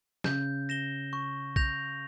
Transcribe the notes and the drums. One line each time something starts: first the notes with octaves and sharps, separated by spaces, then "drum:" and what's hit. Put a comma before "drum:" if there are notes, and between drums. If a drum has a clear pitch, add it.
C#3 G6, drum: snare
A#6 E7 G7
C#6
G6 A#6 F7, drum: kick A#1